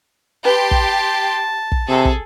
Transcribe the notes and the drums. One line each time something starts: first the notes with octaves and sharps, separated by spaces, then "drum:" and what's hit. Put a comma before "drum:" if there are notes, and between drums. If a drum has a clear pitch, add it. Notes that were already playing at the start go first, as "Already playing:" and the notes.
G4 B4 G5 A5 C6
drum: kick
drum: kick
C3 G#4 A4
drum: kick